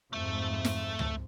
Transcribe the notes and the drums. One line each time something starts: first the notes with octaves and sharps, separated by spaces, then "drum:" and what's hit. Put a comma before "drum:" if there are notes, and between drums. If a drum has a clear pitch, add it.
F2 G#2 A3 E5
drum: snare
drum: tom C#2